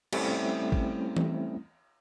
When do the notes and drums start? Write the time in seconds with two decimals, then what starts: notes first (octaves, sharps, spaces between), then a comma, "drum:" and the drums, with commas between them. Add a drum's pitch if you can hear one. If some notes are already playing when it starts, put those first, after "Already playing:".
0.13 G3 A3 C4 C#4 E4, drum: cymbal
0.72 drum: kick A1
1.17 drum: tom E3